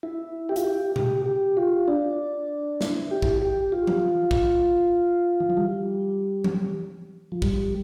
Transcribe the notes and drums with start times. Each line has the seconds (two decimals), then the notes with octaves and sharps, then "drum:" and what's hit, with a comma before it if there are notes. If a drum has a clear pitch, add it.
0.03 E4
0.49 G4
0.56 F4, drum: hi-hat
0.64 G4
0.96 G4, drum: tom B2
1.26 G4
1.57 F4
1.88 D4
2.81 E4, drum: snare
3.11 G4
3.22 drum: kick
3.42 G4
3.72 F4
3.87 drum: tom E3
4.31 drum: kick
5.40 E3
5.50 F3
5.57 G3
6.44 drum: tom E3
7.32 F3
7.42 G3, drum: kick